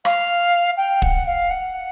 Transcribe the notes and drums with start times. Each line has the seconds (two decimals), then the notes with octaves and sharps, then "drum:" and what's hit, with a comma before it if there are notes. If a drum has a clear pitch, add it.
0.05 F5, drum: rim click
0.77 G5
1.02 F#5, drum: kick
1.26 F5
1.50 F#5